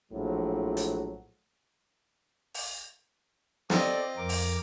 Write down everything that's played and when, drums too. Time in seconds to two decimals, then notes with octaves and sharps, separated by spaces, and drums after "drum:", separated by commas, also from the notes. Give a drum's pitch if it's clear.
0.12 A#1 A2 F3 F#3
0.77 drum: hi-hat
2.54 drum: open hi-hat
3.70 C4 F4 A4 D5 D#5, drum: snare
4.17 F2 A#4 D6
4.29 drum: open hi-hat